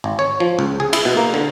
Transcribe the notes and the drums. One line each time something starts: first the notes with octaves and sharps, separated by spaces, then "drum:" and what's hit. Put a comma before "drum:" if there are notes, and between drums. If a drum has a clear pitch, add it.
G#1
C#5
F3
C#2
G#4
E4, drum: cymbal
B2
A#3
D3